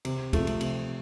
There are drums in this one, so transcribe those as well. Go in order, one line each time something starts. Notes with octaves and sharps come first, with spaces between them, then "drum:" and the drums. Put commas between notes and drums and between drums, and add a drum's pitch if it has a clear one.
C3, drum: cymbal
F3 A3, drum: kick, cymbal
drum: cymbal
C3, drum: cymbal